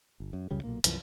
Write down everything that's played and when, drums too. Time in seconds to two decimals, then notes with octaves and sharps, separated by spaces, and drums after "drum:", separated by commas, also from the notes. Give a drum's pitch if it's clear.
0.20 G1
0.33 F#2
0.51 C#2 F#2 C#3 G3
0.64 B1 F#2 A#2 A#3
0.84 C2 F#2 E3 F3, drum: hi-hat